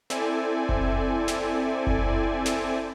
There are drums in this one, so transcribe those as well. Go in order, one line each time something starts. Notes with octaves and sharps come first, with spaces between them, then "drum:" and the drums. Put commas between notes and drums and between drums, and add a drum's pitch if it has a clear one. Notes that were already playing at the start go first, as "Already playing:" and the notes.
C4 E4 A4 D5 G#5, drum: snare
drum: kick F#1
drum: snare
drum: kick F#1
drum: snare